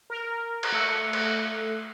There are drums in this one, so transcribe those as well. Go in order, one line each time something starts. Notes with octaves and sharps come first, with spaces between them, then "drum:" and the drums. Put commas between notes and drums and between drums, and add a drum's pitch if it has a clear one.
A#4
drum: cymbal
A3 E6 C#7
drum: cymbal